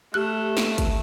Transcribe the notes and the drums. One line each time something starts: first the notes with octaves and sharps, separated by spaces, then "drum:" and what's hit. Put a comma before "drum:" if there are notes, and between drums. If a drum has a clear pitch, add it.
A3 G4 F#6
drum: snare
drum: kick, hi-hat